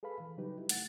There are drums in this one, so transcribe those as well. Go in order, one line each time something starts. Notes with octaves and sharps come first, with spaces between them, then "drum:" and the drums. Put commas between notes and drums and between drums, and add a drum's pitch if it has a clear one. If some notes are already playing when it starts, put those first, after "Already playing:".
G#4 A4 B4 F5 B5
E3
C#3 F#3 G3 D#4 G4 B4
E4
A3 F#5 A6, drum: hi-hat